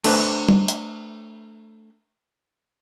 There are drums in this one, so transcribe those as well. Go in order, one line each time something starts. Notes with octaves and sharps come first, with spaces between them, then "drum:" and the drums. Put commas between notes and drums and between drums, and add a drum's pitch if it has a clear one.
A3 D4 B4 C5, drum: cymbal
drum: tom G3
drum: hi-hat